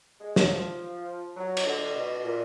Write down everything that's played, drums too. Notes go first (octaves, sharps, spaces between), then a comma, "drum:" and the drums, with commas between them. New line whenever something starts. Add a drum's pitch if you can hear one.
G#3
F#3, drum: snare
F3
F#3
drum: cymbal
D3
B2
A#2